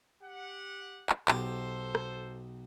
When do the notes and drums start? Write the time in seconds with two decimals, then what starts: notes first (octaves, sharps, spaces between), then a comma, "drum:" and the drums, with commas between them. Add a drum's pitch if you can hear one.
0.23 G4 F#5
1.09 drum: clap
1.28 B1 G4 A4 C5, drum: clap
1.95 drum: rim click